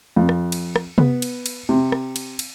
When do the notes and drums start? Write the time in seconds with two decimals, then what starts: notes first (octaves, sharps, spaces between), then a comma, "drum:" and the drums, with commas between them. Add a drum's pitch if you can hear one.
0.16 F2
0.29 drum: rim click
0.52 drum: cymbal
0.76 drum: rim click
0.98 B3, drum: tom C3
1.22 drum: cymbal
1.46 drum: cymbal
1.69 C3
1.92 drum: rim click
2.16 drum: cymbal
2.39 drum: cymbal